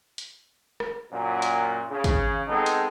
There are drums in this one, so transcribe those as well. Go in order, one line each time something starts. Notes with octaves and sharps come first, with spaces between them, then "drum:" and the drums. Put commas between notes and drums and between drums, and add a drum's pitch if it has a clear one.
drum: hi-hat
drum: rim click
F#2 A#2
drum: hi-hat
C#3
drum: kick, hi-hat
G#3 B3 C4 D#4 A4
drum: hi-hat